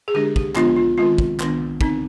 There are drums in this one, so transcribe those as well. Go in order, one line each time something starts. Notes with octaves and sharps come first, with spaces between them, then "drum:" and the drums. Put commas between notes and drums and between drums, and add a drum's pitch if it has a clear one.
G#4
D3 G#3 D4 G4
G4, drum: kick
D3 F3 G#3 B3 D4 F4, drum: clap
F4
D#3 G#3 C4 F4
drum: kick
D#3 B3 D4, drum: clap
D3 F3 C4 D#4, drum: kick